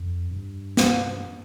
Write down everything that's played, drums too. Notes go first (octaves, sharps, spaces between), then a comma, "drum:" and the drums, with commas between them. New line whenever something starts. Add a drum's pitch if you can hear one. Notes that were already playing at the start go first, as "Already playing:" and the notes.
Already playing: F2
G2
drum: snare